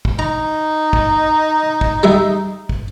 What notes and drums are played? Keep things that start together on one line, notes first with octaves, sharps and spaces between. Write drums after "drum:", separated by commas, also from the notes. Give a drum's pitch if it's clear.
drum: kick
D#4 A#5
drum: kick
drum: kick
G3 G#3 E5
drum: kick